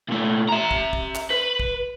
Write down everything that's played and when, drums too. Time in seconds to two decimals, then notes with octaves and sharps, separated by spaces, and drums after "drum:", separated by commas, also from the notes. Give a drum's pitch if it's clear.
0.08 A#2 A3
0.49 E5 A#5
0.71 drum: kick
0.93 drum: kick
1.15 drum: clap
1.30 B4
1.60 drum: kick